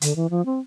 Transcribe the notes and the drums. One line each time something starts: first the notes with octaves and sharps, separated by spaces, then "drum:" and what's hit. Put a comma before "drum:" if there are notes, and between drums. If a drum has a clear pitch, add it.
D3, drum: hi-hat
E3
F3
C4